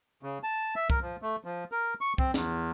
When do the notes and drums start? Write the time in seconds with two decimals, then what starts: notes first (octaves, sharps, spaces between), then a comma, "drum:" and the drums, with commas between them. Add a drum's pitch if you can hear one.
0.23 C#3
0.43 A5
0.76 E5
0.90 A#4, drum: kick
1.02 F3
1.22 A3
1.44 F3
1.72 A#4
2.01 C#6
2.18 C4, drum: kick
2.34 E2, drum: snare